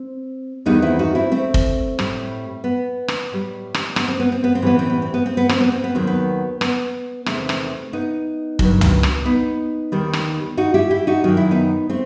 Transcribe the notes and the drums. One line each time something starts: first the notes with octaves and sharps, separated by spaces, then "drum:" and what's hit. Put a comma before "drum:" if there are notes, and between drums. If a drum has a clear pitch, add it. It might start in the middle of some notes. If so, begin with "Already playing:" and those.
Already playing: C4
E2 D#3 G3 B3 D#4
C4 E4
D#4 F#4
C4 E4
A3 C4
drum: kick
A2 G3, drum: rim click
B3
drum: rim click
A2 G3
drum: rim click
B3, drum: rim click
C4
B3
C4
B3
C4
A2 E3 G3 B3
C4
B3
C4
B3
C4
B3
C4, drum: rim click
B3
C4
B3
D#2 D#3 F#3 C4
B3
B3, drum: rim click
E2 C3 D#3 A3 C4, drum: rim click
drum: rim click
B3 D#4
G2 D#3 F#3, drum: kick
drum: tom
drum: rim click
B3 D#4
D#2 D#3 G3
drum: rim click
D#4 F#4
E4 G4
E4 G4
D#4 F#4
F#2 D#3 F#3 D#4
E4
B3 D#4
A3 C4